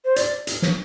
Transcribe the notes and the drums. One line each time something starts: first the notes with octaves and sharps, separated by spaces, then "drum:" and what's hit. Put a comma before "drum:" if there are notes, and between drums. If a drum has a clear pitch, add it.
C5
D5, drum: hi-hat
drum: hi-hat
drum: snare